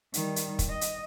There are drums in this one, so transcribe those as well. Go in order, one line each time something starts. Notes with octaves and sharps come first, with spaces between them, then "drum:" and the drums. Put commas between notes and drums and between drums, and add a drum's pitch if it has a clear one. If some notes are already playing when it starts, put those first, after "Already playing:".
D#3 G3, drum: hi-hat
drum: hi-hat
drum: kick, hi-hat
D#5
drum: hi-hat